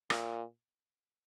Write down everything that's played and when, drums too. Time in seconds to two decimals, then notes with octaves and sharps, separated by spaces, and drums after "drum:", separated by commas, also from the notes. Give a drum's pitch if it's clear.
0.10 A#2, drum: rim click